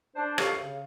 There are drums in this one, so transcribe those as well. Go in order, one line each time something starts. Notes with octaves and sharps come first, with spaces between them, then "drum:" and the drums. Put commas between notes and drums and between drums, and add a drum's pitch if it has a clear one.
D4 C5
C#2 F#2 G4 A4 F5 C#6, drum: rim click
C#3